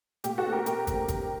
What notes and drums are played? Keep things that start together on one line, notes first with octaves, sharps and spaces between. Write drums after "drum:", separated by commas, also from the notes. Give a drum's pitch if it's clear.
A#2 G4, drum: hi-hat
F#4 A4
A3 C4
G4 A#4
A#2 G4 A#4, drum: hi-hat
A3 C4, drum: kick, hi-hat
G2, drum: kick, hi-hat